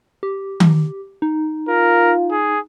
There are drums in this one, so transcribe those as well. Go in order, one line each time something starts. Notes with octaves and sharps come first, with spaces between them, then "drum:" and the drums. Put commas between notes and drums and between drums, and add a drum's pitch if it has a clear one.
G4
drum: tom D#3
D#4
F4 A#4
G#4